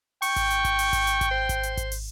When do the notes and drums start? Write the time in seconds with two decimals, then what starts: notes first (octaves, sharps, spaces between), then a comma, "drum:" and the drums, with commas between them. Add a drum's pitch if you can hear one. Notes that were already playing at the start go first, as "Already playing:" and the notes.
0.22 G5 C#6, drum: open hi-hat
0.36 drum: kick G#1, hi-hat
0.50 drum: hi-hat
0.65 drum: kick G#1, hi-hat
0.79 drum: open hi-hat
0.93 drum: kick G#1, hi-hat
1.07 drum: hi-hat
1.21 drum: kick G#1, hi-hat
1.31 C5
1.49 drum: kick G#1, hi-hat
1.63 drum: hi-hat
1.77 drum: kick G#1, hi-hat
1.92 drum: open hi-hat